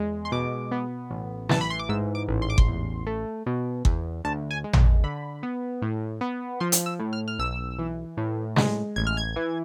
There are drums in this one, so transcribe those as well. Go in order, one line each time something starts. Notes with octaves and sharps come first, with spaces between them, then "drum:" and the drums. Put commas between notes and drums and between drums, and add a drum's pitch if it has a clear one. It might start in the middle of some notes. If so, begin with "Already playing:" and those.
Already playing: E2 G#3
C6
B2 D6
B3
A1
E3 A5, drum: snare
B5
C6
D6
G#2 E6
D6
A1
C6
D6
C6, drum: kick G1
E2
A3
B2
E2, drum: kick G1
D2 A5
G#5
G#3
drum: tom
D3 B5
B3
A2
B3
F3 C6
drum: hi-hat
E6
A2
F6
F6
B1 E6
E3
A2
G#3, drum: snare
A1 G#6
F6
G#6
E3